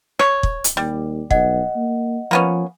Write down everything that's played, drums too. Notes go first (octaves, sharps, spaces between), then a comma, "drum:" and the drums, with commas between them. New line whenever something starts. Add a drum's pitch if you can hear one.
C#5, drum: rim click
drum: kick
drum: hi-hat
D#2 G3
B1 D#5 F#5, drum: kick
A#3
F3 A#3 B3 C#4